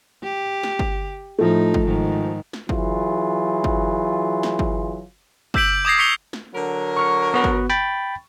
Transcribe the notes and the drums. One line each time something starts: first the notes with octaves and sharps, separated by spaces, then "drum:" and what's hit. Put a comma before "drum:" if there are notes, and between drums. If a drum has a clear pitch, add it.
G4
drum: snare
drum: kick G1
A2 F3 A3 D#4
drum: kick G1
G#2 D#3
drum: snare
E3 F#3 F4 G#4, drum: kick G1
drum: kick G1
drum: snare
drum: kick G1
D6 E6 G6 B6 D7 F#7, drum: kick G1
D6 D#6 G#6 A#6 C7
C#6 B6 C#7 F7 G7
drum: snare
D3 F#3 A#4
C#6 F6 C#7
B3 F#4 B4
drum: kick G1
G5 B5 A6